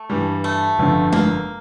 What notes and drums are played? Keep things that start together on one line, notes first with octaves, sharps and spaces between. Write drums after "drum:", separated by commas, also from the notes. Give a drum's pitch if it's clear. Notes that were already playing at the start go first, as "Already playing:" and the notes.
Already playing: A3
G2 E3 G3
A3
G1 F2 D3
A#3, drum: tom G#3